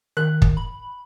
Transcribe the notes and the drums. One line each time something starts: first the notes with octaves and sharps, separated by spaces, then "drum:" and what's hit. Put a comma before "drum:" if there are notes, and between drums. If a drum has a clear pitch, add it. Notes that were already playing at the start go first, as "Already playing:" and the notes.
D#3 F#6
drum: kick
B5